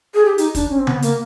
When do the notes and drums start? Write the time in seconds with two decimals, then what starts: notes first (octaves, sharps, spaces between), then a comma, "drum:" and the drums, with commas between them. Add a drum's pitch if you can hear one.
0.14 G#4
0.25 G4
0.38 D#4, drum: hi-hat
0.55 D4, drum: kick, hi-hat
0.70 C#4
0.79 C4
0.87 B3, drum: tom C#3
1.02 A#3, drum: hi-hat